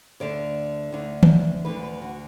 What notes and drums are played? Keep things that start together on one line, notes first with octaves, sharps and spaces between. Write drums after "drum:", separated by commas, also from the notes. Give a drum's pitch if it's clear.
D2 D3 D5
D2 D3
drum: tom D#3
D2 D3 B4
B4
F#4